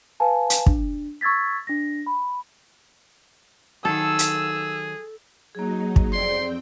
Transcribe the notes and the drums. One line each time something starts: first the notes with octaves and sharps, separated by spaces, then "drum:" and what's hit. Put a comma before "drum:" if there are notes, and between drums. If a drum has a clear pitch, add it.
B4 F5 G#5 A5
drum: hi-hat
D4, drum: kick
C#6 E6 G#6 A6 B6
D4 A#6
B5
D#3 F#3 G#4 A4 E6
drum: hi-hat
F#3 A#3 D#4 G#4
drum: kick
F2 C4 G#4 D5 G5 C6